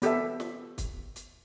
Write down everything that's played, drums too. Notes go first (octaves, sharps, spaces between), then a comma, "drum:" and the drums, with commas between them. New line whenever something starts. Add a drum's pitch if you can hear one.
B3 G4 A4 E5, drum: hi-hat
drum: snare
drum: kick, hi-hat
drum: hi-hat